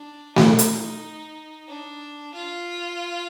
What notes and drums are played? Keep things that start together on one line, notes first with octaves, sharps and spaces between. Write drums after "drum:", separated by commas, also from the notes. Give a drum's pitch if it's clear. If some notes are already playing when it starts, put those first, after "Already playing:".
Already playing: D4
D#4, drum: snare A3
drum: hi-hat
D4
F4